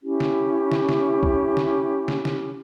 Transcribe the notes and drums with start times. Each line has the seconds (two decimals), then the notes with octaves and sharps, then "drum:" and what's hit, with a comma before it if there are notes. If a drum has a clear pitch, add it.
0.03 C#4 E4 G4
0.20 drum: snare
0.72 drum: snare
0.89 drum: snare
1.23 drum: kick B1
1.57 drum: snare
2.08 drum: snare
2.25 drum: snare